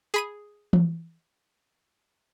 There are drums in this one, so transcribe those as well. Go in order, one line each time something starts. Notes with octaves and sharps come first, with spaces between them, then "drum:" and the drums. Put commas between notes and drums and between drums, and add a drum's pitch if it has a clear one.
G#4 B5 D#7
drum: tom E3